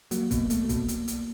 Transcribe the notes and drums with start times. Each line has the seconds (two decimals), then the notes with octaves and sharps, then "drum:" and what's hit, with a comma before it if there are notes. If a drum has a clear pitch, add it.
0.11 F#3 A#3, drum: hi-hat
0.31 B2, drum: kick, hi-hat
0.50 A3, drum: hi-hat
0.69 B2, drum: kick, hi-hat
0.88 drum: hi-hat
1.08 drum: hi-hat